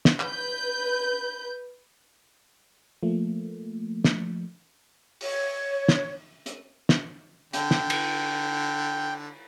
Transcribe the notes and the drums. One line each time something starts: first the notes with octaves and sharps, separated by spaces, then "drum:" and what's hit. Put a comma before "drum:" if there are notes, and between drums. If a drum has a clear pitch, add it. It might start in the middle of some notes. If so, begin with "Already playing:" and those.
drum: snare
B4 G6, drum: clap
F3 A3 A#3
drum: snare
C#5, drum: open hi-hat
drum: snare
drum: hi-hat
drum: snare
D3 G5, drum: hi-hat
drum: snare
drum: cymbal